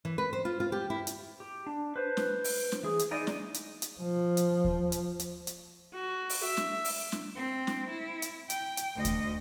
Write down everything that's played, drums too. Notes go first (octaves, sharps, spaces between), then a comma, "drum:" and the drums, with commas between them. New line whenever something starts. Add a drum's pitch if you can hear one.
E3
B4
C5
F4
F4
G4
E4
drum: hi-hat
G4
D4
B4 C5
drum: snare
drum: open hi-hat
drum: snare
E3 G#4
drum: hi-hat
D#4 E4 G#4 D5 D#5
drum: snare
drum: hi-hat
drum: hi-hat
F3
drum: hi-hat
drum: kick D#2
drum: hi-hat
drum: hi-hat
drum: hi-hat
F#4
drum: open hi-hat
E5
drum: snare
drum: open hi-hat
drum: snare
C4
drum: snare
E4
drum: hi-hat
G5, drum: hi-hat
drum: hi-hat
D2 D#5
drum: kick D#2, hi-hat